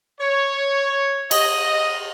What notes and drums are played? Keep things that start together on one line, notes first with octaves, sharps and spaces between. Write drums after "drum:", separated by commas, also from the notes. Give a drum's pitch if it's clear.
C#5
D#5, drum: cymbal